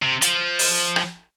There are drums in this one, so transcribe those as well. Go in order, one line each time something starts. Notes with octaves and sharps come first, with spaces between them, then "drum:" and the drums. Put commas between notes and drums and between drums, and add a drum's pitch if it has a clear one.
C3
F3, drum: hi-hat
drum: open hi-hat
drum: rim click